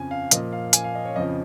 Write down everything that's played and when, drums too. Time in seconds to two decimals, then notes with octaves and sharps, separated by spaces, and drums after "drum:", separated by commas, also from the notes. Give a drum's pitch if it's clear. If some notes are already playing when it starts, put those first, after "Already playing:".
Already playing: F2 C#3 F3 G#5
0.11 F5
0.31 A#2 F3 D#5, drum: hi-hat
0.53 F5
0.73 G#5, drum: hi-hat
0.84 F5
0.95 D#5
1.05 C#5
1.16 F2 C#3 F3 D#5